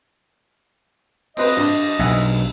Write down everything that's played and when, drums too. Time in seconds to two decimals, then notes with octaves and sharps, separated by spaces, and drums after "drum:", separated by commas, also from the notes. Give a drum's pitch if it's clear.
1.37 C4 B4 D#5, drum: cymbal
1.57 G2
1.99 B1 G2 E5 F#5 G#5